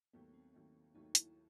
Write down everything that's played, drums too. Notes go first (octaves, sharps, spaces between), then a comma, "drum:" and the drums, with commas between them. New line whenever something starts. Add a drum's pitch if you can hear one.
D#2 D#3 F#3 A3 B3
C4
D#2 D#3 F#3 A3
D#2 D#3 F#3 A3 D#4
E4, drum: hi-hat